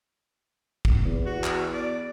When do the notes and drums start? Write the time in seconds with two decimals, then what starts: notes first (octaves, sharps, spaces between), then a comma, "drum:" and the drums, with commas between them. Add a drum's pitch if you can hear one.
0.85 drum: kick
1.05 E2
1.26 F#4
1.44 drum: clap
1.73 D5